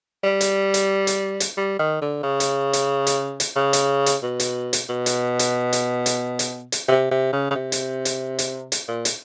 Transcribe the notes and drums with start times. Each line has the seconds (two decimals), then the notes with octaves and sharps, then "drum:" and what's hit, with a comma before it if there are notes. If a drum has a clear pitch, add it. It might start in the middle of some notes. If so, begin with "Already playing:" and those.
0.24 G3
0.41 drum: hi-hat
0.74 drum: hi-hat
1.07 drum: hi-hat
1.40 drum: hi-hat
1.57 G3
1.79 D#3
2.02 D3
2.23 C#3
2.40 drum: hi-hat
2.73 drum: hi-hat
3.07 drum: hi-hat
3.40 drum: hi-hat
3.56 C#3
3.73 drum: hi-hat
4.06 drum: hi-hat
4.23 B2
4.40 drum: hi-hat
4.73 drum: hi-hat
4.89 B2
5.06 drum: hi-hat
5.39 drum: hi-hat
5.73 drum: hi-hat
6.06 drum: hi-hat
6.39 drum: hi-hat
6.72 drum: hi-hat
6.89 C3
7.11 C3
7.33 C#3
7.51 C#3
7.55 C3
7.72 drum: hi-hat
8.05 drum: hi-hat
8.39 drum: hi-hat
8.72 drum: hi-hat
8.88 A#2
9.05 drum: hi-hat